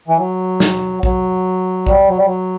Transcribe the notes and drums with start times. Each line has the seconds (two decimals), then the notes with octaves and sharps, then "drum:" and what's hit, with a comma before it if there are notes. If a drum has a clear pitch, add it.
0.08 E3
0.18 F#3
0.60 drum: snare
1.03 F#3, drum: kick A#1
1.87 G3, drum: kick A#1
2.09 F#3
2.18 G3
2.26 F#3